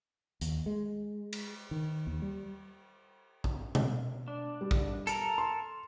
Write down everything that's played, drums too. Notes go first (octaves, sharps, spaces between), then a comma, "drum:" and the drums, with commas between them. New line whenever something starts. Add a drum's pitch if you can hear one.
D#2, drum: hi-hat
G#3
drum: cymbal
D#3
D#2
G3
drum: kick
drum: tom B2
D4
G3
drum: kick
A4 A#4 A#5, drum: hi-hat
C6